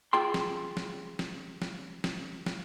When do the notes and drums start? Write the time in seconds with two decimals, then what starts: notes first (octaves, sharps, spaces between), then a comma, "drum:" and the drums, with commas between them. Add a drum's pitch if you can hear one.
0.13 F4 G#4 G5 C6
0.34 drum: snare
0.77 drum: snare
1.19 drum: snare
1.62 drum: snare
2.04 drum: snare
2.46 drum: snare